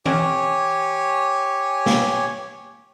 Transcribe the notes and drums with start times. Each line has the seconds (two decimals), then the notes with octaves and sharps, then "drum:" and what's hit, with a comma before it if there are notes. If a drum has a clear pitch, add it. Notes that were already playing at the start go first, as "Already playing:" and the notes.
0.06 G4 C#5 G#5, drum: tom
1.86 drum: snare